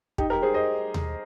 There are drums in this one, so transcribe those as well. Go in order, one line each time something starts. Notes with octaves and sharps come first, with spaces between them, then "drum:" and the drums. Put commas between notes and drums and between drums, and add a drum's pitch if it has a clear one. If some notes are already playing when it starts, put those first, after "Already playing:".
D#4 G4, drum: kick
G4 A#4
G#4 C5
C5 D#5
drum: tom D#2